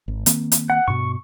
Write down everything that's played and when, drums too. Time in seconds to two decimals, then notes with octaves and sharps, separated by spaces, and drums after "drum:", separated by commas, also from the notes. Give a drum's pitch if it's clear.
0.08 G#1
0.26 D#3 A#3 C4, drum: hi-hat
0.52 drum: hi-hat
0.70 F#5
0.88 G2 B2 C#6